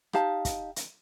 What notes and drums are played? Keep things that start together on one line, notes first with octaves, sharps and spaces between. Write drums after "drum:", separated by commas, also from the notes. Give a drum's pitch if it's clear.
D#4 G4 F5 A5, drum: rim click
drum: kick, hi-hat
drum: hi-hat